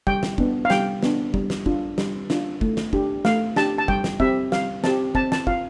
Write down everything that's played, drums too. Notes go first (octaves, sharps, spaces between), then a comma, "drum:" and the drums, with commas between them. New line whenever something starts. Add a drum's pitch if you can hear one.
G3 G5, drum: kick
drum: snare
B3 D4, drum: kick
F5
G3 G5, drum: snare
B3 D4, drum: snare
G3, drum: kick
drum: snare
D4 F4, drum: kick
G3, drum: snare
D4 F4, drum: snare
A3, drum: kick
drum: snare
D4 G4, drum: kick
A3 F5, drum: snare
D4 G4 A5, drum: snare
A5
G3 G5, drum: kick
drum: snare
C4 G4 E5, drum: kick
G3 F5, drum: snare
C4 G4 A5, drum: snare
C4 A5, drum: kick
A5, drum: snare
F4 F5, drum: kick